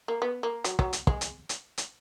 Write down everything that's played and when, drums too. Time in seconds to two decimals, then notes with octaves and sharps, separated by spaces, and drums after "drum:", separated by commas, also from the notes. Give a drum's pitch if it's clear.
0.08 A#3
0.22 B3
0.43 A#3
0.64 F#3, drum: hi-hat
0.79 F#3, drum: kick
0.93 drum: hi-hat
1.07 G#3, drum: kick
1.21 drum: hi-hat
1.49 drum: hi-hat
1.78 drum: hi-hat